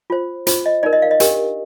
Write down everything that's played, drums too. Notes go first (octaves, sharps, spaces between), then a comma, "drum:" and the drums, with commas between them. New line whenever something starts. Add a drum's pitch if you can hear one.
F4 C5
F4 C5, drum: hi-hat
D#5
D#4 A#4 D5
D#5
F5
D#5
D4 G4 A#4, drum: hi-hat